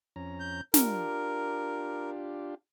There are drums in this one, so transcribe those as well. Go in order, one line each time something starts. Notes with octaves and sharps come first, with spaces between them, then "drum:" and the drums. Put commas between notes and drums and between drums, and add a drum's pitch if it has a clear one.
F2 C#4 A#5
G6
D4 F4 G4 A#4, drum: snare